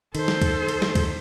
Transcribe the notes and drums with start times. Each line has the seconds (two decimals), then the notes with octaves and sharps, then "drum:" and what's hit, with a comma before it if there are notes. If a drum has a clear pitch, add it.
0.15 D#3 A4 C5, drum: cymbal
0.28 drum: snare
0.42 drum: kick, cymbal
0.68 drum: cymbal
0.82 drum: snare
0.95 drum: kick, cymbal